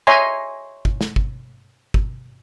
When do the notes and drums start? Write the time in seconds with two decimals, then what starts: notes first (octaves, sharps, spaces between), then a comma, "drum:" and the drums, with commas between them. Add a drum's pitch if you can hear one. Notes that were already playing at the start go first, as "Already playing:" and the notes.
0.07 C#5 D#5 E5 G#5 A#5 C6
0.85 drum: kick
1.01 drum: snare
1.16 drum: kick
1.94 drum: kick